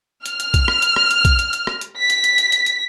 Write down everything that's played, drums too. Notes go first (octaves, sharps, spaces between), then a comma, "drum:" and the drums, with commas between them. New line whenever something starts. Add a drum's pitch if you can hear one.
F6, drum: hi-hat
drum: hi-hat
drum: kick, hi-hat
drum: rim click
drum: hi-hat
drum: rim click
drum: hi-hat
drum: kick, hi-hat
drum: hi-hat
drum: hi-hat
drum: rim click
drum: hi-hat
B6
drum: hi-hat
drum: hi-hat
drum: hi-hat
drum: hi-hat
drum: hi-hat